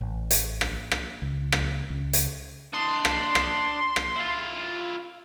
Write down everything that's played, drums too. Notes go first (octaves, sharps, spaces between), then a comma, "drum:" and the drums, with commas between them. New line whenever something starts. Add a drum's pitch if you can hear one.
A1
drum: hi-hat
drum: rim click
drum: rim click
C#2
drum: rim click
C#2
drum: hi-hat
D4 D#5 C6
drum: rim click
drum: rim click
drum: rim click
E4 F4